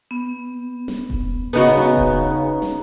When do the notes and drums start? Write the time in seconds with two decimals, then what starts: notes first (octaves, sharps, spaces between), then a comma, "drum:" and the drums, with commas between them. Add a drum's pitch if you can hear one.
0.11 B3
0.88 drum: snare
1.10 drum: kick E1
1.53 C#3 B3 D#4 F#4 A#5
1.75 drum: snare
1.97 drum: kick E1
2.62 drum: snare